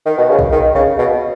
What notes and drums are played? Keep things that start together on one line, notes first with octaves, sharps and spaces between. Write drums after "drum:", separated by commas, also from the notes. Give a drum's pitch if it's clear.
D#3
B2
C#3
drum: kick B1
D#3
C#3
B2